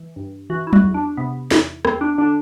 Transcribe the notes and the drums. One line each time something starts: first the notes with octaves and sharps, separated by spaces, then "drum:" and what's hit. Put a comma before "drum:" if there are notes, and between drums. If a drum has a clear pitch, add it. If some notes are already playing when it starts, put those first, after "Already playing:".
Already playing: E3
G2
E3 F#4
E4
F#4, drum: tom F#3
E2
D4
C3 B3
E2, drum: snare
E2 C4, drum: rim click
D4
D3 D4